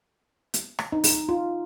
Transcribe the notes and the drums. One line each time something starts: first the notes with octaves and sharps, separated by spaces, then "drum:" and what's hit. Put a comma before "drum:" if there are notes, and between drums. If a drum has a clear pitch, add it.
drum: hi-hat
drum: rim click
D#4
drum: open hi-hat
F4